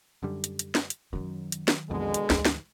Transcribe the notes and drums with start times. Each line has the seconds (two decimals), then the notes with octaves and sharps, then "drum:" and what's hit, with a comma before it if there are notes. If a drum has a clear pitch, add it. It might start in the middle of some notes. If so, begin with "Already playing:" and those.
0.23 F#2 D3 G3
0.44 drum: hi-hat
0.59 drum: hi-hat
0.75 drum: snare
0.90 drum: hi-hat
1.13 F#2 D#3 F#3
1.52 drum: hi-hat
1.68 drum: snare
1.90 B1 F2 B2 D3 G#3
2.14 drum: hi-hat
2.30 D2 G#2 E3, drum: snare
2.45 drum: snare